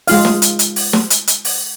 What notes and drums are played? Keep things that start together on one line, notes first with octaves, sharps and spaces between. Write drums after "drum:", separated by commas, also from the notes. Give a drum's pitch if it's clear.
G#3 F4 F5, drum: open hi-hat
drum: snare
drum: hi-hat
drum: hi-hat
drum: open hi-hat
drum: snare
drum: hi-hat
drum: hi-hat
drum: open hi-hat